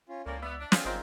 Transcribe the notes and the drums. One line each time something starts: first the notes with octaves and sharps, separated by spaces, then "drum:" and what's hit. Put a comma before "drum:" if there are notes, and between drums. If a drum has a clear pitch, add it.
C#4 F4
C#2 A2 A#3 C#4 A#4 D5
B3 D5 E5
D4
C4 F4 G#4, drum: snare
G1 C4 D#4 F4 A#4